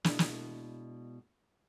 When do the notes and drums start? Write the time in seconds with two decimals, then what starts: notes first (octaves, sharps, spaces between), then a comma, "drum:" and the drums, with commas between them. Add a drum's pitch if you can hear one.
0.04 B2 G#3 D4 E4, drum: snare
0.19 drum: snare